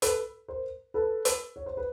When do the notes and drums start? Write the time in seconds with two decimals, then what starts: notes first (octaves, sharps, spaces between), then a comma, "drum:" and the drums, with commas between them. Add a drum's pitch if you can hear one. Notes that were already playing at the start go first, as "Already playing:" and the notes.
0.02 A4 B4, drum: hi-hat
0.48 A#4 C5
0.94 A4 B4
1.25 drum: hi-hat
1.56 C#5
1.66 C5
1.77 B4